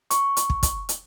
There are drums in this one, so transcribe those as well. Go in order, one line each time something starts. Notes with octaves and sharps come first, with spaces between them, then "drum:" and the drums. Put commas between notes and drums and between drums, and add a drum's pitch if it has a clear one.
C#6, drum: hi-hat
drum: hi-hat
drum: kick
drum: kick, hi-hat
drum: hi-hat